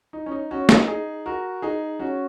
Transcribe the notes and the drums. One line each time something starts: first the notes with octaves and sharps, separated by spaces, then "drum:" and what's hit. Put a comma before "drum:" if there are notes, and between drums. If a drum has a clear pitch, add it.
D#4
C#4
D#4
C#4 F#4
D#4, drum: snare
D#4 G#4
F#4 A#4
D#4 G#4
C#4 F#4